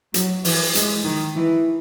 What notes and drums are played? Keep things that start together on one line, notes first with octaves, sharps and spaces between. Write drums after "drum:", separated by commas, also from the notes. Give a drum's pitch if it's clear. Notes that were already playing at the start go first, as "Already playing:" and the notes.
F#3, drum: hi-hat
E3, drum: open hi-hat
G#3, drum: hi-hat
D#3
E3